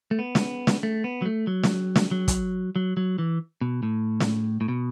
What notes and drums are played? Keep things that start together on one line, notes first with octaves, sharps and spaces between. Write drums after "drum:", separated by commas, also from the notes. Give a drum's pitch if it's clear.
A3
B3
drum: snare
drum: snare
A3
B3
F#3
A3
F#3
drum: snare
drum: snare
F#3
drum: kick, hi-hat
F#3
F#3
E3
B2
A2
drum: snare
A2
B2